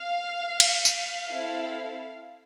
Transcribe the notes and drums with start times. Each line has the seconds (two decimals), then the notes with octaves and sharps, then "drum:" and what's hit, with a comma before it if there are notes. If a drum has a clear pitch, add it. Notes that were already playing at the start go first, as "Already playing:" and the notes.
Already playing: F5
0.60 drum: cymbal
0.85 F5, drum: tambourine
1.30 C4 E4 A4